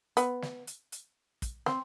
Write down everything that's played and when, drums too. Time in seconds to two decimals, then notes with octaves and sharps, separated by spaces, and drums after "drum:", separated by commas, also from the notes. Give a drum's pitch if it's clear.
0.17 B3, drum: hi-hat
0.42 drum: snare
0.67 drum: hi-hat
0.92 drum: hi-hat
1.42 drum: kick, hi-hat
1.66 C4, drum: snare